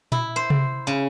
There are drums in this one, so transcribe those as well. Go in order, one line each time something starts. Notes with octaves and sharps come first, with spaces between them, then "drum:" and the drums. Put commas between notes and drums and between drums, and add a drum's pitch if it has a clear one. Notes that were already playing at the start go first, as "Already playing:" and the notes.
E4, drum: tom A#2
C5
drum: tom C3
C#3